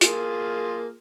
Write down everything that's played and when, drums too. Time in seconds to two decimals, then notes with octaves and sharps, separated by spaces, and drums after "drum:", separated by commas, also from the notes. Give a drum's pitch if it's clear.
0.01 A#3 F4 G#4, drum: hi-hat